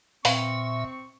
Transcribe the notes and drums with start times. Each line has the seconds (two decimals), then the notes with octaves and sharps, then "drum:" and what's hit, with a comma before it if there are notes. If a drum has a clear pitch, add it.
0.25 A#2 C4 B4 E5 F5 A#5 C#6, drum: open hi-hat